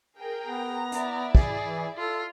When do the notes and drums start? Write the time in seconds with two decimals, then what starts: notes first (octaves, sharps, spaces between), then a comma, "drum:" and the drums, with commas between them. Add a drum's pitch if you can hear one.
0.16 G#4 A#4 G5
0.47 B3 A#5
0.92 E4 D5 E5, drum: hi-hat
1.35 G#4, drum: kick
1.66 E3
1.97 F4 A4